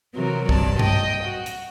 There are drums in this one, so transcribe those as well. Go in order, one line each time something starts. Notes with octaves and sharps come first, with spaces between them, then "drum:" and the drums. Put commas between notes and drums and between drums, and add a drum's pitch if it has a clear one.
C3 E3 F#3 A#4
G2 C3 F#3 D5 A5, drum: kick
D#5 G5, drum: tom G2
F#4
drum: hi-hat